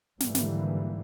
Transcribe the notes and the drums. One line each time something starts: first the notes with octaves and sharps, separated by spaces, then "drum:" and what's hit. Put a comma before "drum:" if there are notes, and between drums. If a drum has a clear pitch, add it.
G#1 G#2 D3 E3 G3 A#3, drum: snare
drum: snare